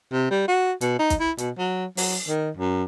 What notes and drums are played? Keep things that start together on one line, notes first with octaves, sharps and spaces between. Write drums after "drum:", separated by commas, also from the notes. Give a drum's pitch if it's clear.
C3
G3
F#4
B2, drum: hi-hat
D#4
drum: kick, hi-hat
E4
B2, drum: hi-hat
F#3
F#3, drum: open hi-hat
D#3
F#2